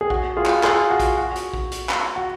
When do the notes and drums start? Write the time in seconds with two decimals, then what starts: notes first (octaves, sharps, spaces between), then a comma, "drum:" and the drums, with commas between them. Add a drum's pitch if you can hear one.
0.01 G#4
0.10 F#4, drum: kick A#1
0.37 F4 G#4
0.46 drum: clap
0.63 F4 G#4, drum: clap
0.90 F#4
1.00 drum: kick A#1, hi-hat
1.17 F#4
1.36 drum: hi-hat
1.54 drum: kick A#1
1.71 drum: hi-hat
1.89 drum: clap
2.16 F#4